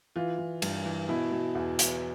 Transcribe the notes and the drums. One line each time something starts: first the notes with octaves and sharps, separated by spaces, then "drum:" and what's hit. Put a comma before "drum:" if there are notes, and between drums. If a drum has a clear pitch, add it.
E3 F4
E3
G2, drum: cymbal
E3
B2 E4
B2
E2
E2, drum: hi-hat